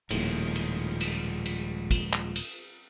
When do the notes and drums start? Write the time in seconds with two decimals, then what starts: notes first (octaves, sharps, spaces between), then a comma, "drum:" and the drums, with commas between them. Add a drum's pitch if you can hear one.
0.11 D#1 D#2 A2 F3 G#3, drum: cymbal
0.56 drum: cymbal
1.01 drum: cymbal
1.46 drum: cymbal
1.91 drum: kick, cymbal
2.13 drum: clap
2.36 drum: cymbal